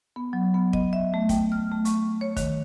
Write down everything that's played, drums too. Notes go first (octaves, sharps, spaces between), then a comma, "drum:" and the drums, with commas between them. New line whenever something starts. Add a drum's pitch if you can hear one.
B3
F#3
B3
D#5, drum: kick
E5
A3
G5, drum: kick, hi-hat
F6
A3
C#6, drum: hi-hat
C#5
D#3, drum: kick, hi-hat